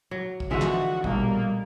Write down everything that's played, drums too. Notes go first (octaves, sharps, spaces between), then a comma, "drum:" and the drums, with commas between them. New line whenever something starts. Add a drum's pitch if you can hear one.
F#3
drum: kick A1
D3 E3 F3 G#3 F#4 E5
drum: clap
B1 A#2 G3 A#3, drum: kick A1